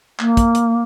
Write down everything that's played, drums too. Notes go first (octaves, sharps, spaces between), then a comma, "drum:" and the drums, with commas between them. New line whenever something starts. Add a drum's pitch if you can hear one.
A#3, drum: clap
drum: kick, hi-hat
drum: hi-hat